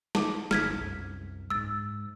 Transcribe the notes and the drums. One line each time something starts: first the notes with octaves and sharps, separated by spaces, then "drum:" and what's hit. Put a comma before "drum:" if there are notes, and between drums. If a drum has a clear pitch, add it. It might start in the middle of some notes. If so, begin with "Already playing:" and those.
A5 D6, drum: snare
G1 F6 G#6 B6, drum: snare
C2 F#2
G#2 G#3 E6 A6